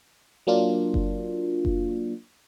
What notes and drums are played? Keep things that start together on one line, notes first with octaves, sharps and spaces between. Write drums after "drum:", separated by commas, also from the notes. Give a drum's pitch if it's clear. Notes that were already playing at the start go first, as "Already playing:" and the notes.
F#3 A#3 D4 F4
drum: kick F#1
drum: kick F#1